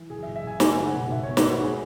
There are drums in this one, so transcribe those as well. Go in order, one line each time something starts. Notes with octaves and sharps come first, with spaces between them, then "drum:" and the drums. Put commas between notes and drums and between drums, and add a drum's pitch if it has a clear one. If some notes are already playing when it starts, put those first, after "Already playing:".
Already playing: E3
F#1 G#4
E5
F#1
E5
C#3 G#5
F#1 G#5, drum: snare
G#3
F#5
B2
G#1 E5
B3 C#5
B4, drum: snare
G#3 F#4
G#4